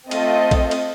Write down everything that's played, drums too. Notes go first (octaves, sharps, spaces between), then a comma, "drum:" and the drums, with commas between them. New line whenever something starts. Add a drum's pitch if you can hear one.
A3 C4 F4 A4 D#5, drum: cymbal
drum: kick, cymbal
drum: cymbal